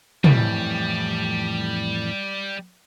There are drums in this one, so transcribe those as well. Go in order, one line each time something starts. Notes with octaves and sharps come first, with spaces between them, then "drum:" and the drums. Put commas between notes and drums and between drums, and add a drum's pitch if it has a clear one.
F2 A2 E3 G3, drum: tom